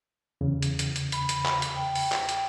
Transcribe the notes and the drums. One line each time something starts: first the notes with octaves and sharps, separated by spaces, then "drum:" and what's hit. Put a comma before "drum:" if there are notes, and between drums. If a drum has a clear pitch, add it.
E2 C#3
drum: hi-hat
drum: hi-hat
drum: hi-hat
B5, drum: hi-hat
drum: hi-hat
drum: clap
drum: hi-hat
G5
drum: open hi-hat
drum: clap
drum: hi-hat